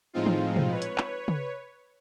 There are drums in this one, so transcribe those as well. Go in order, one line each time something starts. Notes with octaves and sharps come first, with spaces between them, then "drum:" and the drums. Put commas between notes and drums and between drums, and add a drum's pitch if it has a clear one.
A2 F3 G#3 C4 D#4 F4
drum: tom
drum: tom
B4 C#5
drum: hi-hat
drum: clap
drum: tom